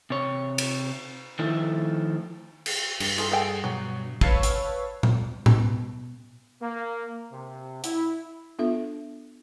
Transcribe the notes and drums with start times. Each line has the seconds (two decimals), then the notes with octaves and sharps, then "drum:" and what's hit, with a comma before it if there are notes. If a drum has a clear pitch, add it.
0.10 C3 C#5
0.58 drum: cymbal
1.39 D#3 F3 A3 E4
2.66 drum: cymbal
3.00 G2, drum: cymbal
3.18 F4 G#4 A4, drum: cymbal
3.32 G#4 A4 G5
3.64 B2 F#3
4.21 B4 C#5 F5 A5 E6, drum: kick
4.43 drum: hi-hat
5.03 drum: tom A#2
5.46 B2, drum: tom A2
6.60 A#3
7.31 C3
7.84 E4, drum: hi-hat
8.59 B3 D4 F4 A4 E5